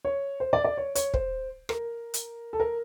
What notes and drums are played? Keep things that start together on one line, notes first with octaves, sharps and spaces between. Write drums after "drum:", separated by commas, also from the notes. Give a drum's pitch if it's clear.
C#5
C5
D5
D5
C#5
C#5, drum: hi-hat
C5, drum: kick
A#4, drum: rim click
drum: hi-hat
A4
A#4